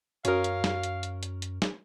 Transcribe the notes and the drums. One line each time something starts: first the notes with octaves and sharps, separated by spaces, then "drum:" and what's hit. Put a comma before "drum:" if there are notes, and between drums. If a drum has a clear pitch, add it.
F#2 C#4 F#4 A#4 F5 C#6 D#6, drum: hi-hat
drum: hi-hat
drum: snare
drum: hi-hat
drum: hi-hat
drum: hi-hat
drum: hi-hat
drum: snare